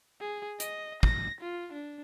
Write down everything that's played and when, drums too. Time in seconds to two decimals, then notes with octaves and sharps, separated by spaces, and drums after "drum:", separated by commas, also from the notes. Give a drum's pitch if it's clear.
0.20 G#4
0.60 D#5, drum: hi-hat
1.03 A#6, drum: kick
1.41 F4
1.73 D4